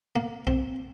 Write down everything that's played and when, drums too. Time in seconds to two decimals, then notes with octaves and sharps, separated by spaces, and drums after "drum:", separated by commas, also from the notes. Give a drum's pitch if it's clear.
0.16 A#3
0.47 C4, drum: kick B1